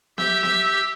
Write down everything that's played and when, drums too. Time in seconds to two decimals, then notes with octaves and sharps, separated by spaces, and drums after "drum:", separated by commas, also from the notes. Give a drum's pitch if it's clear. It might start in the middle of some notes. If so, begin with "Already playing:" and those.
0.18 G4 E5 E6 G6, drum: snare B3
0.43 drum: snare B3